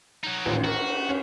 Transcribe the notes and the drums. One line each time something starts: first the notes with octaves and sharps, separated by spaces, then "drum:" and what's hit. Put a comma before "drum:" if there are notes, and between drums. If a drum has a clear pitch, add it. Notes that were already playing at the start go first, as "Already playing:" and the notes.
F#3 D#4
A1 D#2 A#2, drum: cymbal
F#4 A#4
C#4